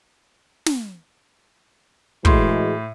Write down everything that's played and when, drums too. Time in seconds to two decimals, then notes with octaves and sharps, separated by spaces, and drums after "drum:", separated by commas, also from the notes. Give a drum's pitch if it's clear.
0.66 drum: snare
2.25 A2 E3 G#3 F#4 C6, drum: kick